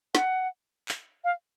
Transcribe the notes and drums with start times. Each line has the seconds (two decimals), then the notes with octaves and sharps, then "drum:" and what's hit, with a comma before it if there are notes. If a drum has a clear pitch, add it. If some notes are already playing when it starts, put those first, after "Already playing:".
0.15 F#5, drum: snare
0.89 drum: clap
1.24 F5